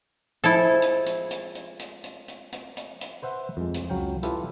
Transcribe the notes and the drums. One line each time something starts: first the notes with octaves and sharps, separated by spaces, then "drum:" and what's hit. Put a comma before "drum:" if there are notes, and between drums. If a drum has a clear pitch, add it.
F3 G#3 E4 A4 G#5
drum: hi-hat
drum: hi-hat
drum: hi-hat
drum: hi-hat
drum: hi-hat
drum: hi-hat
drum: hi-hat
drum: hi-hat
drum: hi-hat
drum: hi-hat
B4 C5 E5 F#5
F2 G#3
drum: hi-hat
C#2 F#3 F5 G5
E4 F4 G4 A4 B4, drum: hi-hat